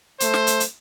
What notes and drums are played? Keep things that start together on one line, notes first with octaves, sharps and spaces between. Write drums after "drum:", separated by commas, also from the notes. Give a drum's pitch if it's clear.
A3 C5, drum: hi-hat
drum: snare
drum: hi-hat
drum: hi-hat